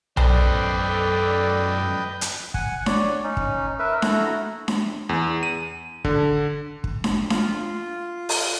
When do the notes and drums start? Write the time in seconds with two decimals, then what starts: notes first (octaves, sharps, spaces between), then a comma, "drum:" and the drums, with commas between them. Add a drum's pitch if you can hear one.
0.17 F#2 A4 B4 C5 D5 D#5 G5, drum: tom B1
2.21 drum: hi-hat
2.54 F#5 G#5, drum: kick
2.86 C#5 D5, drum: snare D4
3.24 C#4 D#4
3.37 drum: kick
3.79 A#4 B4 E5
4.02 E4 F#4 A4 A#5, drum: snare D4
4.68 drum: snare D4
5.09 E2
5.43 D#7
6.04 D3, drum: kick
6.84 drum: kick
7.04 drum: snare D4
7.30 F4, drum: snare D4
8.29 drum: open hi-hat